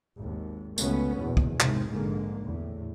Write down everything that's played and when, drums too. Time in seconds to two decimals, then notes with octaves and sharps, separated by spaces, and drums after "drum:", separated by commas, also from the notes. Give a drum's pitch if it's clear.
0.19 G#1 D#2
0.78 C#2 B2 A3 B3 C#4, drum: tambourine
1.18 A#1 E2 B2
1.37 drum: kick
1.60 D#2 G#2 C3 G#3, drum: clap
1.89 A#1 G#2 D3 A#3
2.45 E2 A2